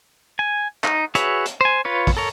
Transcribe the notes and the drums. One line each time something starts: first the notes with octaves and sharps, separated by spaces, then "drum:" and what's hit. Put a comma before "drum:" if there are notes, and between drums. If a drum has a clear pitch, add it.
G#5
D#4, drum: clap
F#4 G#4 B4 C#5 E5, drum: hi-hat
drum: hi-hat
C5 G#5
F4 B4 C#5
drum: kick, open hi-hat
A4 A#4 C#5